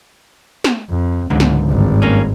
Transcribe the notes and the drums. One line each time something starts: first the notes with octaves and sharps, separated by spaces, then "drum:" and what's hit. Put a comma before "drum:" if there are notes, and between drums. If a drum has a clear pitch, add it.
drum: snare
F2
C#2 G#2 D3 F3
drum: snare
G#1 G2
A#3 C#4